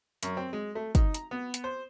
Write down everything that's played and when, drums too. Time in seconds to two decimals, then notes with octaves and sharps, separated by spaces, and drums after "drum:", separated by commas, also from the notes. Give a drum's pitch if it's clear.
0.23 F#2, drum: hi-hat
0.37 C4
0.53 G#3
0.75 A3
0.95 D#4, drum: kick, hi-hat
1.14 A#5, drum: hi-hat
1.31 B3
1.54 drum: hi-hat
1.64 C5